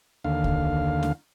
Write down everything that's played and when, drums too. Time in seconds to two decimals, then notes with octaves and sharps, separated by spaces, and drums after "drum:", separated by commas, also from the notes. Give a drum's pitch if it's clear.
0.24 D#2 D3 F5
0.44 drum: kick C2
1.03 drum: snare